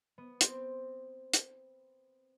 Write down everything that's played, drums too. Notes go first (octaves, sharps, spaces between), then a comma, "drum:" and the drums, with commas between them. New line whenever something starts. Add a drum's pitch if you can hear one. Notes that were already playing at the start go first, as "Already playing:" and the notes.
B3
C4, drum: hi-hat
drum: hi-hat